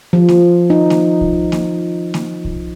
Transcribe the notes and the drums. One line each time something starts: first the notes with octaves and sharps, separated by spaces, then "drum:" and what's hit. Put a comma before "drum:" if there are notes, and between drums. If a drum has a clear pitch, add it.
F3
drum: snare A#3
D#4
drum: snare A#3
drum: kick
drum: snare A#3
drum: snare A#3
drum: kick